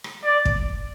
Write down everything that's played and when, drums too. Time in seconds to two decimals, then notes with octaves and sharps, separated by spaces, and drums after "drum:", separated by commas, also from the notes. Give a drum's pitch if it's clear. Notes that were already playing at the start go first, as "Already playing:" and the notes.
0.04 drum: rim click
0.24 D5
0.45 drum: kick